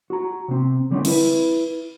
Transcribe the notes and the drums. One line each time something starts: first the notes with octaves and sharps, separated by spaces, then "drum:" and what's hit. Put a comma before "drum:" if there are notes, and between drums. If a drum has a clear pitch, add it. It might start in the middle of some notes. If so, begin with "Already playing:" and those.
F#4 A#5
C3 C4
D3 G3 C4 C#4 D#4
E4 B4, drum: cymbal